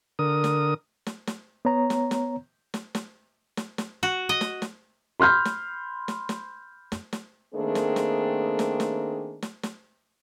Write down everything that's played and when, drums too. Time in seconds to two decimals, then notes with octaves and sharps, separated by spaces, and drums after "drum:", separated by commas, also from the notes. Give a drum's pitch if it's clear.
0.19 D3 A#4 D#6
0.44 drum: snare
1.06 drum: snare
1.27 drum: snare
1.65 B3 C#5 A#5
1.90 drum: snare
2.11 drum: snare
2.74 drum: snare
2.95 drum: snare
3.57 drum: snare
3.78 drum: snare
4.03 F#4
4.29 D#5
4.41 drum: snare
4.62 drum: snare
5.20 B5 C6 F6 G6
5.45 drum: snare
6.08 drum: snare
6.29 drum: snare
6.92 drum: snare
7.13 drum: snare
7.54 D#3 A3 A#3 C4 D4 G#4
7.75 drum: snare
7.96 drum: snare
8.59 drum: snare
8.80 drum: snare
9.42 drum: snare
9.63 drum: snare